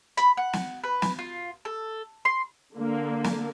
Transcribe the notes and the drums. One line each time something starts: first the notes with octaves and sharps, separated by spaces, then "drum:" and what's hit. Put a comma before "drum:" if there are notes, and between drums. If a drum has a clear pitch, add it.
B5, drum: hi-hat
F#5
drum: snare
B4
drum: snare
F4
A4
C6
D3 A#3
drum: snare